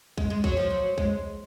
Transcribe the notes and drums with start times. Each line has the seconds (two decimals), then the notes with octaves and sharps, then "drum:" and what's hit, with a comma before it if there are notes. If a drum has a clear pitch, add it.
0.18 G#3, drum: kick
0.30 G#3
0.44 F#3, drum: kick
0.57 F3
0.70 F#3
0.98 G#3, drum: kick